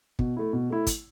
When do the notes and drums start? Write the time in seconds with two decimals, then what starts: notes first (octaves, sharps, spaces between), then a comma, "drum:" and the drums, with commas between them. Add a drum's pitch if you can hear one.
0.19 B2, drum: kick
0.37 A3 E4
0.53 B2
0.70 A3 E4
0.87 drum: kick, hi-hat